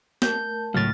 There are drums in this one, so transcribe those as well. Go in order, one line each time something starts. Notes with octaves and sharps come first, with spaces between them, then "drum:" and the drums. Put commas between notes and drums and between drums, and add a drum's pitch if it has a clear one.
A3 A#4 A5 G6, drum: snare
C#2 A2 F#3 F6 A6